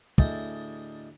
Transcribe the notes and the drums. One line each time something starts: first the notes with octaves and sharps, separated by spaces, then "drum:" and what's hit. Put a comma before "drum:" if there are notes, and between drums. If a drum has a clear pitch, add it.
D2 A2 G#4 D#5 G5 A5, drum: kick